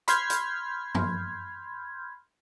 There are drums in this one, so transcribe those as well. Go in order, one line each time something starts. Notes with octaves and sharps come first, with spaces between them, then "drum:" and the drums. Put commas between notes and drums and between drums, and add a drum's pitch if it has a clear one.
B5 C6 F6 G6 G#6, drum: hi-hat
drum: hi-hat
drum: tom F#2